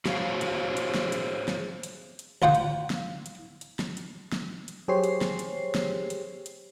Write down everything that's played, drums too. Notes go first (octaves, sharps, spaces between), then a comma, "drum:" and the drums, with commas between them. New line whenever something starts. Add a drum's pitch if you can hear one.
F#4 G#4 C5 C#5 F5, drum: snare
drum: hi-hat
drum: hi-hat
drum: snare
drum: hi-hat
drum: snare
drum: hi-hat
drum: hi-hat
D2 F4 F#5 G5
drum: hi-hat
drum: snare
drum: hi-hat
drum: hi-hat
drum: snare
drum: hi-hat
drum: snare
drum: hi-hat
F#3 G4 G#4 C5 C#5 C7
drum: hi-hat
drum: snare
drum: hi-hat
drum: snare
drum: hi-hat
drum: hi-hat